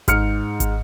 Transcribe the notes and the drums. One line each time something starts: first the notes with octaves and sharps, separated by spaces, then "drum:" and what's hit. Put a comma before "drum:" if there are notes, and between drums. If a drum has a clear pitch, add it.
G#2 F6 C#7, drum: kick G#1, hi-hat
drum: kick G#1, hi-hat